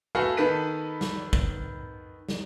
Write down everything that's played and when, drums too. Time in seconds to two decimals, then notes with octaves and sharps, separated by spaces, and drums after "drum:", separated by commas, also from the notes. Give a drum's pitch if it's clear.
0.15 A3 F#4 A4 B4 F5 G#5
0.37 D#3 B3 A4 B4 B6 D#7
1.01 drum: snare
1.33 drum: kick
2.29 drum: snare